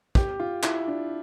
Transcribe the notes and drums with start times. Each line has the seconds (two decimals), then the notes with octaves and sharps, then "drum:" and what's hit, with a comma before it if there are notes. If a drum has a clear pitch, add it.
0.15 G4, drum: kick
0.40 F4
0.63 E4, drum: clap
0.87 D4